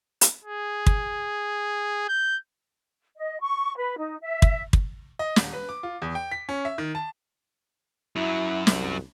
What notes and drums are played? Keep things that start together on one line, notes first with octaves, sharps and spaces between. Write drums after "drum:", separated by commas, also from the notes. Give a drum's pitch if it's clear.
drum: hi-hat
G#4
drum: kick
G6
D#5
C#6
B4
D#4
E5
drum: kick
drum: kick
D#5
D#1, drum: snare
B4
D6
F4
E2
G5
B6
C#4
E5
D#3
A5
F#2 F#3 E4
C2, drum: snare